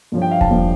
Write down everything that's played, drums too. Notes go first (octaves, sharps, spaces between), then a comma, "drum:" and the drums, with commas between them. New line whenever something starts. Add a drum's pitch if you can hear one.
G2 F3 C#4
G5
F5
A5, drum: kick E1
G2 F3 C#4